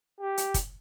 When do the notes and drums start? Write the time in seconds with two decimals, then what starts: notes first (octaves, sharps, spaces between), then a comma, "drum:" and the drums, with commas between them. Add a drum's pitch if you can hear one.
0.21 G4
0.37 drum: hi-hat
0.54 drum: kick, hi-hat